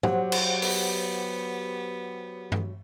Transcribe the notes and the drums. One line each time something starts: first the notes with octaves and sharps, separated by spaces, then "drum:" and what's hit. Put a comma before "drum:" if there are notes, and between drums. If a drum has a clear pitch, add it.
F#3 G4 C5 F#5, drum: tom
drum: cymbal
B3, drum: open hi-hat
drum: tom G2